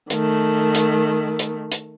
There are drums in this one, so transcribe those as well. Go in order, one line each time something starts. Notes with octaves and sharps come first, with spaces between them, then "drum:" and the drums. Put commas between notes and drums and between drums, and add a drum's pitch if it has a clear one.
D#3 A3, drum: hi-hat
drum: hi-hat
drum: hi-hat
drum: hi-hat